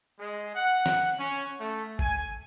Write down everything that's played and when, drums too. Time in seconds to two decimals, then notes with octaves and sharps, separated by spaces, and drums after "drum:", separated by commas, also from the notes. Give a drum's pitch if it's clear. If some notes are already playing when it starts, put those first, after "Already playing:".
0.19 G#3
0.55 F#5
0.86 drum: snare
1.18 C#4
1.60 A3
1.99 G#5, drum: kick